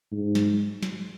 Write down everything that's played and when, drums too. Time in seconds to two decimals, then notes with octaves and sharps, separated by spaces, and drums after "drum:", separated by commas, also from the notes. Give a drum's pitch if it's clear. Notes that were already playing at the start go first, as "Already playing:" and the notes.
0.12 G#2
0.35 drum: snare
0.83 drum: snare